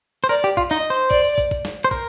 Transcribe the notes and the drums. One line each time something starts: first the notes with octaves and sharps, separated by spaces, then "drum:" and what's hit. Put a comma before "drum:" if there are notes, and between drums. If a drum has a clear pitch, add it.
C5
A#4 D5, drum: tambourine
G4, drum: tambourine
F4, drum: kick, tambourine
D#4 D#5, drum: tambourine
C5
D5, drum: kick, tambourine
drum: tambourine
drum: kick, tambourine
drum: kick, tambourine
drum: snare
C5
A#4, drum: kick, tambourine